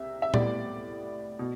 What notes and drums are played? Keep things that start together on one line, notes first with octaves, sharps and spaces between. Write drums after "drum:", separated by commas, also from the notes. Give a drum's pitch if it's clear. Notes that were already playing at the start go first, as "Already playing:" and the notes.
Already playing: C2 C3 E5
E5
A2 G3 B3 D5, drum: tom A#2
B2